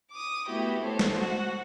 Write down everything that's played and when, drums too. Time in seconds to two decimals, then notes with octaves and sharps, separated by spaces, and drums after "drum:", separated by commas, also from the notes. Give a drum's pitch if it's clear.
0.12 D6 D#6
0.48 A3 B3 E4 F#4 G4
0.82 A3 A4 C5 C#5
0.99 drum: snare
1.18 F#4 F#5